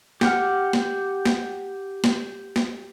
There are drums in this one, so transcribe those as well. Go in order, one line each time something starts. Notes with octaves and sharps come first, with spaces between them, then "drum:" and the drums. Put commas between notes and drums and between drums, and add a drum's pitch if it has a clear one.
G4 F#5 F6, drum: snare
drum: snare
drum: snare
drum: snare
drum: snare